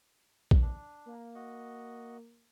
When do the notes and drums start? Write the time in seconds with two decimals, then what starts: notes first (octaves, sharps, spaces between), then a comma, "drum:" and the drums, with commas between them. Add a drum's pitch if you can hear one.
0.51 drum: kick
0.62 D4
1.06 A#3
1.35 F#4 D#5